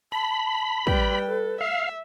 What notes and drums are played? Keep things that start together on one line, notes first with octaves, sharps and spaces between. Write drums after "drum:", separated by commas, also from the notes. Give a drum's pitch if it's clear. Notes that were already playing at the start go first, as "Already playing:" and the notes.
A5 B5
G3 B4 G5, drum: kick
A4
E5 F5